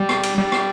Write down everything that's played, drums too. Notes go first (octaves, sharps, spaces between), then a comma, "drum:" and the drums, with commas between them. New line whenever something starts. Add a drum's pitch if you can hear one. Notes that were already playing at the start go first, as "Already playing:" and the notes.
Already playing: G3
drum: rim click
drum: cymbal
G3
drum: rim click